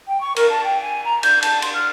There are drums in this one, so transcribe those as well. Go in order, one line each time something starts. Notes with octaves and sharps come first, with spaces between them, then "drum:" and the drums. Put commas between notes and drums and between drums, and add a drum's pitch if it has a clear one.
G5
C#6
A#4, drum: cymbal
A5
G5
G#5
A#5
G6, drum: cymbal
A5, drum: cymbal
C6, drum: cymbal
F6